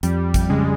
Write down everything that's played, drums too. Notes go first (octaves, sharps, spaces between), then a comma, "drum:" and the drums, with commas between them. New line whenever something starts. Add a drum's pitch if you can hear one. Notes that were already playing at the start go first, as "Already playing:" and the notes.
F2 G3, drum: hi-hat
drum: kick A1, hi-hat
C#3 G#3